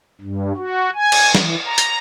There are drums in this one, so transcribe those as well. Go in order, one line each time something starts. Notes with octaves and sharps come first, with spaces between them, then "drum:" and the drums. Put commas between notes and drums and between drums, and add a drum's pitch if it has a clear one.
G2
F#4
G#5
drum: cymbal
E3, drum: snare
A#5
drum: hi-hat